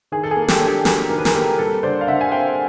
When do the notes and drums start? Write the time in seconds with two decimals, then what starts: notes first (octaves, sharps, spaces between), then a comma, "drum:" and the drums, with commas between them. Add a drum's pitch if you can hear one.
0.12 D#3 G#4
0.23 A4
0.31 G#4
0.36 A#3
0.48 G4 A4, drum: snare
0.61 D4
0.67 G4 A4
0.85 F#3 G#4 A#4, drum: snare
1.10 D#3 A#4
1.18 B4
1.25 G#4 A#4, drum: snare
1.34 A#3 G4 A4
1.58 G3 A4 B4
1.83 D3 C5 D5
2.01 F5
2.07 D3 E5 F#5
2.21 G#5
2.32 C4 F5 G5